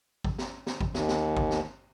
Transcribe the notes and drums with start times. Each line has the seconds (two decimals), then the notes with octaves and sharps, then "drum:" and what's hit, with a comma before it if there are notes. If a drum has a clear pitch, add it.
0.24 drum: kick G#1
0.38 drum: snare
0.67 drum: snare
0.81 drum: kick G#1
0.95 D#2, drum: snare
1.09 drum: snare
1.37 drum: kick G#1
1.51 drum: snare